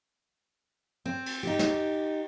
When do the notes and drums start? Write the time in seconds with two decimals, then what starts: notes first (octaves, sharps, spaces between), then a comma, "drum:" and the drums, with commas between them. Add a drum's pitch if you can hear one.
1.05 C4
1.26 drum: cymbal
1.43 D#4 G4
1.59 drum: snare